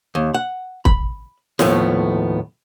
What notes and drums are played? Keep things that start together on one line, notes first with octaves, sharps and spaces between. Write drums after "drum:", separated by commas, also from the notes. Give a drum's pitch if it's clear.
D#2
F#5
B5, drum: kick
D#2 A2 F3 A3 B3, drum: snare